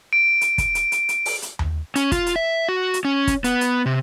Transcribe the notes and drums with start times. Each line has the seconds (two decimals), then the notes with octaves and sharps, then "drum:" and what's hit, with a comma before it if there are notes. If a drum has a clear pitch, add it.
0.13 D7
0.41 drum: hi-hat
0.58 drum: kick, hi-hat
0.75 drum: hi-hat
0.92 drum: hi-hat
1.09 drum: hi-hat
1.25 drum: open hi-hat
1.42 drum: hi-hat
1.59 drum: tom D#2
1.96 C#4, drum: hi-hat
2.12 F4, drum: kick, hi-hat
2.26 drum: hi-hat
2.36 E5
2.69 F#4
2.94 drum: hi-hat
3.05 C#4
3.27 drum: kick, hi-hat
3.44 B3, drum: hi-hat
3.61 drum: hi-hat
3.86 C3